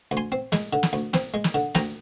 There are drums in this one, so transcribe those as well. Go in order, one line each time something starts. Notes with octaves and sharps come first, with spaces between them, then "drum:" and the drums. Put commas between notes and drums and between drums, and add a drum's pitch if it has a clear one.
D2
G#5 C6
C4
G#3, drum: snare
D3
drum: snare
D2
C4, drum: snare
G#3
drum: snare
D3
D2 G5 A#5, drum: snare